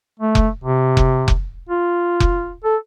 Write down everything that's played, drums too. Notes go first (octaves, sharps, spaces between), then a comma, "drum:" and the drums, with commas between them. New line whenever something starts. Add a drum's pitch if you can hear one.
A3
drum: kick F1
C3
drum: kick F1
drum: kick F1
F4
drum: kick F1
A4